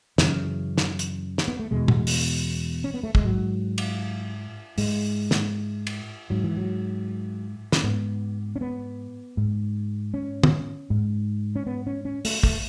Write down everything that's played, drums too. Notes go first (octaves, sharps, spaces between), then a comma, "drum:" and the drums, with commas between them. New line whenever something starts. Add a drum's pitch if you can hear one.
F#2 C#3 E3, drum: snare
drum: snare
drum: hi-hat
drum: snare
B3
A3
E2 B2 G#3
drum: tom
drum: open hi-hat
C#4
B3
A3
G#3, drum: kick
G#2 F#3
drum: cymbal
G#2 G#3, drum: open hi-hat
drum: snare
drum: cymbal
G#2 F#3
E3
F#3
C#4, drum: snare
G#2 B3
C#4
B3
G#2
C#4
drum: tom
G#2
C#4
B3
C#4
C#4
A3, drum: open hi-hat
A3, drum: kick